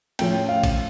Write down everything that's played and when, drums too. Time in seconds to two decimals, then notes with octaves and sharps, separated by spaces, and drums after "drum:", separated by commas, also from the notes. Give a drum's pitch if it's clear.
0.19 A2 F3 A3 C#4 G5, drum: cymbal
0.49 F5
0.64 drum: kick A1, cymbal